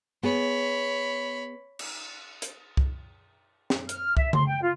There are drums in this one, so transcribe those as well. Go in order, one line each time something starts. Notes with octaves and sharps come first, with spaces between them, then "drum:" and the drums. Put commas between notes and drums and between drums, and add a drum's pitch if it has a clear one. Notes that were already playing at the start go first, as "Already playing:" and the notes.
B3 G#4 C#5 B5
drum: cymbal
drum: hi-hat
drum: kick C2
drum: snare
F6, drum: hi-hat
E5, drum: kick C2
C6, drum: tom C#3
G5
F4